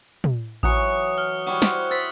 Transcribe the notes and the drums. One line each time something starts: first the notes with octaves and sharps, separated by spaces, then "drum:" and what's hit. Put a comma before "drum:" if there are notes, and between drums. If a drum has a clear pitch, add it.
drum: tom
E3 F#3 D#6 F#6 C#7, drum: kick A1
F6
G3 E4 F#4, drum: cymbal
C5 F#5, drum: snare
C5 E6 A6 B6